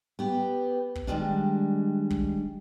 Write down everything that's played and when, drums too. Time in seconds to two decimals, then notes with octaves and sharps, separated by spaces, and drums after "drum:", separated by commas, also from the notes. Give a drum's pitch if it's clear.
0.19 B3 G4
0.95 drum: kick
1.07 D#3 F3 G3 G#3 D4
2.10 drum: kick